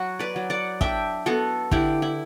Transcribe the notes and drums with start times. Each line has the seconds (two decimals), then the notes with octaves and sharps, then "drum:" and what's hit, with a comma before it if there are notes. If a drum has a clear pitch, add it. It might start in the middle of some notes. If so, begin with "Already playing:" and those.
Already playing: F#3 F#4
0.19 B4 D5
0.36 F#3
0.50 D5 F#5
0.81 D4 E5 G5, drum: kick
1.26 B3 F#4 A4
1.71 D3 E4 G4, drum: kick
2.02 E4